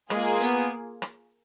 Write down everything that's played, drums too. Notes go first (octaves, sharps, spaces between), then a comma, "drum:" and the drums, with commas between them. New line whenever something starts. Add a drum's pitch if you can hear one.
G#3 A#3 F4 G#4, drum: rim click
B3, drum: hi-hat
drum: rim click